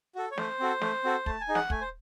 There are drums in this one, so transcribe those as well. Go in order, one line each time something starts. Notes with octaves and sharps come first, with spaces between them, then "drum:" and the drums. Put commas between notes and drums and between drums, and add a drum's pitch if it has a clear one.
F#4 A4
C#5
A3 C5, drum: snare
C4 F#4 A4
A3, drum: snare
C4 F#4 A4
A3 A5, drum: kick
G#5
D#4 G#4
F#5, drum: snare
A3 G#5, drum: kick
C5